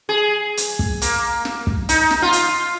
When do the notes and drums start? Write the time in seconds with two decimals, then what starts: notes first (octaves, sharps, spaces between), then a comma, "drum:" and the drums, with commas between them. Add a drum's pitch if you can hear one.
0.09 G#4
0.57 drum: hi-hat
0.79 drum: kick
1.02 A#3, drum: hi-hat
1.45 drum: snare
1.67 drum: kick
1.89 D#4, drum: hi-hat
2.11 drum: snare
2.22 F4
2.33 drum: hi-hat